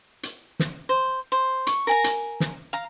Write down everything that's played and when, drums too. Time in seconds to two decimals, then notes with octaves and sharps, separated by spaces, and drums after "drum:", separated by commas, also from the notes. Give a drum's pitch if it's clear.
0.23 drum: hi-hat
0.59 drum: snare
0.89 C5
1.32 C5
1.67 C#6, drum: hi-hat
1.87 A#4 G#5 A#5
2.04 drum: hi-hat
2.40 drum: snare
2.73 F5 A#5